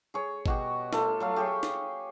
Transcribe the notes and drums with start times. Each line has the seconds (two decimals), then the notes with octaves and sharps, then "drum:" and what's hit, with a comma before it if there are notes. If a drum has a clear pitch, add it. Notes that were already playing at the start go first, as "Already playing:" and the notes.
0.14 G#4 C#5
0.46 B2 F#4 G4, drum: kick G#1
0.93 A3 F4, drum: snare
1.20 F#3 A3 F5
1.36 G4 G#4 C#5
1.63 drum: snare